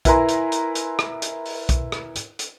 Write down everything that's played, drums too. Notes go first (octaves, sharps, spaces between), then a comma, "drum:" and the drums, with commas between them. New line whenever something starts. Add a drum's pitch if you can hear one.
E4 A#4 B4 G#5 A#5 C6, drum: kick B1, hi-hat
drum: hi-hat
drum: hi-hat
drum: hi-hat
drum: rim click
drum: hi-hat
drum: open hi-hat
drum: kick B1, hi-hat
drum: rim click
drum: hi-hat
drum: hi-hat